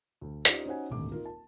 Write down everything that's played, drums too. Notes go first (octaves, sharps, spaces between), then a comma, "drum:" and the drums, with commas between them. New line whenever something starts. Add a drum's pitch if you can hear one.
D2
C#4 D#4 F4 G4 C5 D5, drum: hi-hat
C#4 D#4 F#4 C5 F#5 G#5
D#1 G#1 D2 D6
D#4 F4 A#4
A5